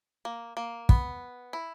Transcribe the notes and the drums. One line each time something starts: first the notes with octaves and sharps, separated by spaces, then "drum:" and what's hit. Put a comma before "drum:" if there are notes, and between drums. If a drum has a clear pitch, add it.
A#3
A#3
B3, drum: kick
E4